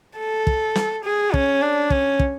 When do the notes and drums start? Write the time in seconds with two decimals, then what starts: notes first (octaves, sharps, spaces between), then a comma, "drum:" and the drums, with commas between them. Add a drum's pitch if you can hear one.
0.18 A4
0.47 drum: kick
0.75 drum: snare
1.05 G#4
1.34 C#4, drum: kick
1.62 D4
1.90 C#4, drum: kick
2.19 drum: kick